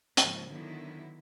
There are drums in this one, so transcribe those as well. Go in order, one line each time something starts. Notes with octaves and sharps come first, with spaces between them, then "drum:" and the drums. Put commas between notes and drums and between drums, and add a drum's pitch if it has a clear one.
G#2 C#3 F3 A#3, drum: hi-hat
D3 D#3 F#3 B3 E4